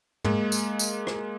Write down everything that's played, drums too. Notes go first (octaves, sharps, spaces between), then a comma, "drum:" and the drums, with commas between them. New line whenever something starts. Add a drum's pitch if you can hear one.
G#3 A#3, drum: tom
drum: tambourine
drum: tambourine
drum: rim click